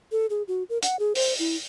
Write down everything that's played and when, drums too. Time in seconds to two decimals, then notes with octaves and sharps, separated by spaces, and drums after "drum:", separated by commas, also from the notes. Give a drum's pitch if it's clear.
0.12 A4
0.30 G#4
0.48 F#4
0.70 A#4
0.83 F#5, drum: hi-hat
0.99 G#4
1.15 C5, drum: open hi-hat
1.39 E4